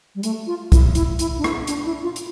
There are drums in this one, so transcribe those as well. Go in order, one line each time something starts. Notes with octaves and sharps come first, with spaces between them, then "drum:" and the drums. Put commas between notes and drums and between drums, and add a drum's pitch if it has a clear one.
G3
A3, drum: hi-hat
F4
E4, drum: kick, hi-hat
E4, drum: hi-hat
E4, drum: hi-hat
D4
E4, drum: rim click
D4, drum: hi-hat
E4
F4
drum: hi-hat